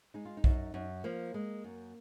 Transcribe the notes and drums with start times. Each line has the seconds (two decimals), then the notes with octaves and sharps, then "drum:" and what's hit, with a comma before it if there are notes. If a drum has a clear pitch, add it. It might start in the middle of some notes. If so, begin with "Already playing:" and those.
0.14 G#3 D#4
0.25 F4
0.37 D#4
0.44 F#2, drum: kick B1
0.74 F#2
1.04 F3 A#3
1.34 G#3
1.64 F#2